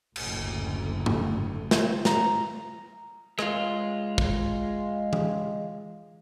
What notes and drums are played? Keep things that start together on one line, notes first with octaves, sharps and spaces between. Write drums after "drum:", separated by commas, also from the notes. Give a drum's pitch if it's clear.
F#1 D2 A2, drum: cymbal
drum: tom
drum: snare
A#5, drum: snare
G#3 F4, drum: rim click
drum: kick
drum: tom E3